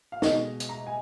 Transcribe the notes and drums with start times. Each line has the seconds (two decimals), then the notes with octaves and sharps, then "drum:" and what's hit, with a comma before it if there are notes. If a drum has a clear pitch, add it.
0.12 F5
0.22 B2 G#3 D#5, drum: snare
0.60 drum: hi-hat
0.69 A#5
0.87 G#5